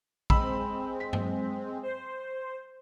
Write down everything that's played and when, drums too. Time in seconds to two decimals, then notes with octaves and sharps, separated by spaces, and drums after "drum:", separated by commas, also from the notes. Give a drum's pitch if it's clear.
0.30 G#3 C4 B5 E6, drum: kick A#1
1.00 B6
1.13 drum: tom G2
1.83 C5